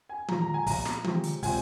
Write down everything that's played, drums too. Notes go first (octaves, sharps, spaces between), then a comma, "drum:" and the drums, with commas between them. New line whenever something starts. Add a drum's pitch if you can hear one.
G#5
A#2 F3 G#3 A#5, drum: tom D#3
A#5
G#5
A#2 F3 A#3 A#5, drum: kick, open hi-hat
drum: snare
C3 F3 G#3 C4, drum: tom D#3
drum: hi-hat
A#2 G#3 C4 G#5, drum: kick, open hi-hat